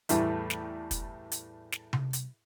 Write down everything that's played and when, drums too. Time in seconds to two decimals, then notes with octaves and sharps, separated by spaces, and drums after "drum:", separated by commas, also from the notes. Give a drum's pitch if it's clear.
0.09 E2 A2 G3 A3, drum: hi-hat
0.50 drum: snare
0.91 drum: kick, hi-hat
1.32 drum: hi-hat
1.72 drum: snare
1.93 drum: tom C3
2.13 drum: hi-hat